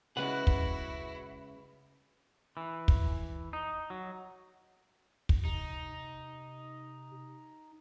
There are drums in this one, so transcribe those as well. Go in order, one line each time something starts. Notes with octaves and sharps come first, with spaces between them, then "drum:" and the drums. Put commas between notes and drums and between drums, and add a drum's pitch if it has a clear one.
C#3 G#3 E4 F#4 B4 F#5
drum: kick
E3
drum: kick
D#4
F#3
drum: kick
C3 D#4